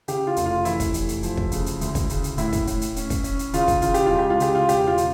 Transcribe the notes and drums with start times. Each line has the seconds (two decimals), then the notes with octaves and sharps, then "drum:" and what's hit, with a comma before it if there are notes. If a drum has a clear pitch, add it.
0.08 C#3 G4, drum: hi-hat
0.27 F4
0.36 F1, drum: hi-hat
0.46 F4
0.65 E3 E4, drum: hi-hat
0.80 drum: kick, hi-hat
0.94 F1, drum: hi-hat
1.09 drum: hi-hat
1.23 F3, drum: hi-hat
1.37 drum: kick
1.52 C#3, drum: hi-hat
1.66 drum: hi-hat
1.81 D2, drum: hi-hat
1.95 drum: kick, hi-hat
2.09 C#3, drum: hi-hat
2.24 drum: hi-hat
2.38 A2 E4, drum: hi-hat
2.53 drum: kick, hi-hat
2.67 A2, drum: hi-hat
2.81 drum: hi-hat
2.96 C#4, drum: hi-hat
3.10 drum: kick, hi-hat
3.24 C#4, drum: hi-hat
3.39 drum: hi-hat
3.53 C#3 F4, drum: hi-hat
3.68 drum: kick, hi-hat
3.82 C#3 F4, drum: hi-hat
3.94 G4, drum: hi-hat
4.06 C#2 F4
4.19 G4
4.30 F4
4.40 C#3 G4, drum: hi-hat
4.55 F4
4.69 E1 G4, drum: hi-hat
4.87 F4
4.98 C#3, drum: hi-hat